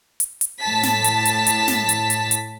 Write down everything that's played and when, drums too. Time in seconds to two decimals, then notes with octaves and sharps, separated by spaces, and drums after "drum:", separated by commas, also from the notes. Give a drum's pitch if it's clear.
0.20 drum: hi-hat
0.41 drum: hi-hat
0.62 A2 A5 B6
0.83 drum: snare
1.04 drum: hi-hat
1.25 drum: hi-hat
1.47 drum: hi-hat
1.68 drum: snare
1.89 drum: hi-hat
2.10 drum: hi-hat
2.31 drum: hi-hat